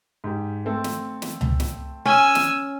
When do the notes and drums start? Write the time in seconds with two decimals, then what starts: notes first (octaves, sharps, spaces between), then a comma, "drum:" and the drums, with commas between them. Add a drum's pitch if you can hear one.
0.24 G#2 G4
0.65 A3 C4 A4
0.84 drum: snare
1.22 drum: snare
1.41 drum: tom C#2
1.60 drum: snare
2.06 C#4 G#5 E6
2.35 drum: snare